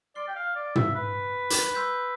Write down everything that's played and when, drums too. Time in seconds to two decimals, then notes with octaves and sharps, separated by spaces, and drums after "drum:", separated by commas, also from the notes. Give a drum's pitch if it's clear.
0.15 D5 C6 F6 C7 G7
0.28 G5
0.35 F5
0.55 D5
0.75 E5, drum: tom
0.95 B4
1.50 drum: hi-hat
1.75 C6 E6 G6 B6